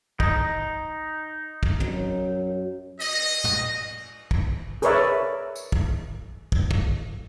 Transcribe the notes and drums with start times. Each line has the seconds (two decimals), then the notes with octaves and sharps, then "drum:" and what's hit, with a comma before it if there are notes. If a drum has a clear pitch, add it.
0.20 D#4, drum: kick
1.63 drum: kick
1.80 F#2, drum: tom
3.00 D#5, drum: cymbal
3.44 drum: tom
4.31 drum: kick
4.82 G#4 A#4 B4 C#5 D5 E5, drum: hi-hat
5.56 drum: tambourine
5.72 drum: kick
6.52 drum: kick
6.71 drum: kick